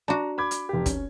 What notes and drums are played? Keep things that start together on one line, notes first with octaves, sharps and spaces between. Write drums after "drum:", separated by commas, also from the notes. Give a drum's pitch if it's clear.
D4 F#4 A#5
B5 D6 G#6
drum: hi-hat
F1 G4
C#4, drum: kick, hi-hat